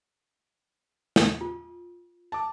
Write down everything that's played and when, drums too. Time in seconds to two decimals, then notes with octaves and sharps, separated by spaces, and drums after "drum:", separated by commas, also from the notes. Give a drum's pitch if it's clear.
1.16 drum: snare
1.41 F4
2.32 A5 D6